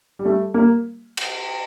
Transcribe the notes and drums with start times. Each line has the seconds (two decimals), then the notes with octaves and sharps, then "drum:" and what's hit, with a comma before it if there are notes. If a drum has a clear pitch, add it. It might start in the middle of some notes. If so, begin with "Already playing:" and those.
0.19 G3
0.25 A3
0.54 A#3
1.17 drum: cymbal